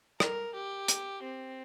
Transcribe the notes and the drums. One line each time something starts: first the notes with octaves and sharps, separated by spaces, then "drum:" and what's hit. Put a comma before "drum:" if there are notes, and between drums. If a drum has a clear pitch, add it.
A#4, drum: rim click
G4
drum: hi-hat
C4